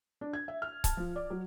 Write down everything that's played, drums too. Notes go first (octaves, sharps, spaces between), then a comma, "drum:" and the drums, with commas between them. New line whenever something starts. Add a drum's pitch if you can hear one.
D4
G#6
E5
F6
A5, drum: kick C#1, hi-hat
F3
D5
F#3